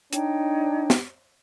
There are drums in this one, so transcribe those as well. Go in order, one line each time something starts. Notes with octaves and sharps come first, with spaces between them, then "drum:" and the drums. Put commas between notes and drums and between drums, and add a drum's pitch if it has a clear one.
D4 D#4 C#5 G5, drum: hi-hat
drum: snare